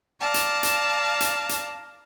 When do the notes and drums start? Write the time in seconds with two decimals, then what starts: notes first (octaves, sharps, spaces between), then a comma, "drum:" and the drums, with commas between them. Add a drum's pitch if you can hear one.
0.20 D5 F5 A5 A#5
0.34 drum: hi-hat
0.63 drum: hi-hat
1.20 drum: hi-hat
1.49 drum: hi-hat